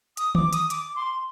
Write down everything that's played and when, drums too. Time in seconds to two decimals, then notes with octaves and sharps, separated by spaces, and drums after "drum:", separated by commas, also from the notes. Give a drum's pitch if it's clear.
0.17 D#6, drum: hi-hat
0.35 D6, drum: tom D#3
0.53 D#6, drum: hi-hat
0.70 D6, drum: hi-hat
0.96 C6